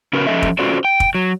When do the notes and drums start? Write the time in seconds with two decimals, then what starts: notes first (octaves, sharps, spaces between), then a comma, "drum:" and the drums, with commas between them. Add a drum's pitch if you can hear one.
0.13 C#3 C#4 F#4 A#4 B4
0.27 F3 C#4 A4 D#5 E5
0.42 drum: kick
0.59 C#4 F4 F#4 A4 C5 D5
0.85 G5
1.00 drum: kick
1.15 F#3